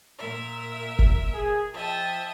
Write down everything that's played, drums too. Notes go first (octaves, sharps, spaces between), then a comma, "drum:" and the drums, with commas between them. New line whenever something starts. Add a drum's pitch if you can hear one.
A#2 A#4 E5
drum: kick F#1
G#4
F3 D#5 E5 G5 A5